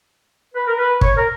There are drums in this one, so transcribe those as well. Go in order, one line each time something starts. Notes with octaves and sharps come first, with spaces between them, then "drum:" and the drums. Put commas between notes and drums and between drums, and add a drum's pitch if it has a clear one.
B4
A#4
B4
C#5, drum: kick
A#4